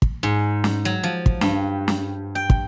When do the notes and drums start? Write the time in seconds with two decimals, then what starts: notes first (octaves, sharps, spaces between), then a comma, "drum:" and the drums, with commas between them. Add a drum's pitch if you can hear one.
0.02 drum: kick
0.23 G#2
0.64 drum: snare
0.85 F#3
1.03 F3
1.26 drum: kick
1.41 G2, drum: snare
1.88 drum: snare
2.35 G5
2.50 drum: kick